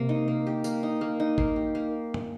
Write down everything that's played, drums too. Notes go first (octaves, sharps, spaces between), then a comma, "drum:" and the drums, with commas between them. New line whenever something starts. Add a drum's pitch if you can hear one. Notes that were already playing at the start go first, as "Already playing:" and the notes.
Already playing: C3 A#3
D#4
A#3
G4
A#3, drum: tambourine
D#4
A#3
D#4
A#3, drum: kick G#1
G4
A#3
drum: tom F#2